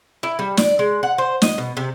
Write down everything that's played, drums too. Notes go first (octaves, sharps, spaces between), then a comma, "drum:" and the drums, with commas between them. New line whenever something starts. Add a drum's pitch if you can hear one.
E4
G3
D5, drum: snare
G#3
F#5
C5
D#5, drum: snare
B2
C3